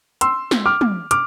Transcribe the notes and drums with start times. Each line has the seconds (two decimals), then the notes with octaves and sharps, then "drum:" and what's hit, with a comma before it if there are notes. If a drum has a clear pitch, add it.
0.21 C6 E6, drum: hi-hat
0.51 drum: snare
0.66 D6 F6
0.81 drum: tom
1.11 D6 F6, drum: hi-hat